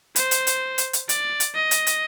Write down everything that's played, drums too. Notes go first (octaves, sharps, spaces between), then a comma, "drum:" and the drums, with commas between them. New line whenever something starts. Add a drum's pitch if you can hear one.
C5, drum: hi-hat
drum: hi-hat
drum: hi-hat
drum: hi-hat
drum: hi-hat
D5, drum: hi-hat
drum: hi-hat
D#5
drum: hi-hat
drum: hi-hat